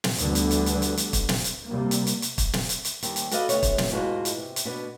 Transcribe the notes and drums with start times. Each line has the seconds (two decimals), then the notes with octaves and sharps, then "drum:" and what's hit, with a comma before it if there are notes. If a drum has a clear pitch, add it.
0.04 drum: snare
0.18 D2 D3 E3 G3 B3, drum: hi-hat
0.35 drum: hi-hat
0.51 drum: hi-hat
0.66 drum: hi-hat
0.82 drum: hi-hat
0.97 drum: hi-hat
1.13 drum: kick, hi-hat
1.29 drum: snare
1.44 drum: hi-hat
1.67 C3 G3 A#3
1.91 drum: hi-hat
2.07 drum: hi-hat
2.22 drum: hi-hat
2.38 drum: kick, hi-hat
2.53 drum: snare
2.69 drum: hi-hat
2.85 drum: hi-hat
3.03 D#2 G3 C4, drum: hi-hat
3.16 drum: hi-hat
3.31 F#4 A4 B4 D5 D#5 F5, drum: hi-hat
3.49 D2 C3 B3 C#5, drum: hi-hat
3.63 drum: kick, hi-hat
3.78 drum: snare
3.91 E2 G#2 B2 G#3 F4 F#4
4.25 drum: hi-hat
4.38 C3
4.56 drum: hi-hat
4.65 B2 B3 D4